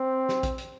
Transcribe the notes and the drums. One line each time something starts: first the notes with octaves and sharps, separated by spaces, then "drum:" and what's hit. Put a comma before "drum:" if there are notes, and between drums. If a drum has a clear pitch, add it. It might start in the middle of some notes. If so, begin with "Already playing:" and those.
Already playing: C4
drum: snare
drum: kick A#1, hi-hat
drum: hi-hat